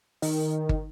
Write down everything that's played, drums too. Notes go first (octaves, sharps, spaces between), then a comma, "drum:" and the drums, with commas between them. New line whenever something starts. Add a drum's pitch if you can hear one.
D#3, drum: open hi-hat
drum: kick